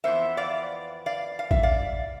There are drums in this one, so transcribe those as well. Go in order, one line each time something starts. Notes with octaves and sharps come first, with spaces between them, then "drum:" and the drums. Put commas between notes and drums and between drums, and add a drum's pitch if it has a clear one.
F2 E3 B3 C5 E5
D5 F5
D5 F5
F5
E5, drum: kick A1
D5 F5